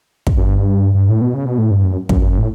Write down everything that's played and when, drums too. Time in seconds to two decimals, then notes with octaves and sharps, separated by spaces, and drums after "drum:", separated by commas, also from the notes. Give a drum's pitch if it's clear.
0.27 drum: kick
0.37 F#2
0.44 G2
0.95 G2
1.09 A2
1.21 B2
1.34 C#3
1.46 B2
1.58 A2
1.71 G2
1.84 F#2
2.09 F#2, drum: kick
2.22 F#2
2.38 A2